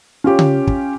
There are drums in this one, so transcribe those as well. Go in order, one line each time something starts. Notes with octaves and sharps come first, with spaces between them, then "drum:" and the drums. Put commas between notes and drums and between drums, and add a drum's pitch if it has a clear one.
C#4 F4 G4 C#5
drum: tom C#3
drum: kick